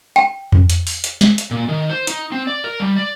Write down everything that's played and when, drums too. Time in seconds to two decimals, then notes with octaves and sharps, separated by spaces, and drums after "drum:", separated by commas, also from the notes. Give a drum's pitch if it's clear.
0.16 G5
0.52 drum: tom F2
0.70 drum: hi-hat
0.87 drum: open hi-hat
1.04 drum: hi-hat
1.21 drum: snare
1.38 drum: hi-hat
1.51 A#2
1.69 D#3
1.90 C5
2.07 D#4, drum: hi-hat
2.32 C4
2.47 D5
2.64 A#4
2.80 G3
2.96 D5